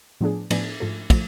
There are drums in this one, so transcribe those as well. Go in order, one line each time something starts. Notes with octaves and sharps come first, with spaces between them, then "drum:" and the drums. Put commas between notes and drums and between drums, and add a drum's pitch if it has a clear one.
A2 F3 B3 D4 G#4
A2 F3 B3 D4 G#4, drum: cymbal
G#2 F3 A3
F3 A3, drum: kick, cymbal